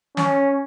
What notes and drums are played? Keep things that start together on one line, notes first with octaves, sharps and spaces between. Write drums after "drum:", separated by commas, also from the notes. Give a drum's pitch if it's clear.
C#4, drum: snare